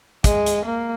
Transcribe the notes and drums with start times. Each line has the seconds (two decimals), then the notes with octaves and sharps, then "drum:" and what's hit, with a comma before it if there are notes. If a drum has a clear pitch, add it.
0.24 G#3, drum: kick, hi-hat
0.46 drum: hi-hat
0.65 A#3